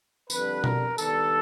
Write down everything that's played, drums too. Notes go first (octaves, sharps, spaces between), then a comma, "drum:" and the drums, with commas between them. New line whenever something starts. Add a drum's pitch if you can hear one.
F2 D3 G3 B4, drum: tambourine
A#4, drum: tom B2
D#3 G3 B3 D4 A4, drum: tambourine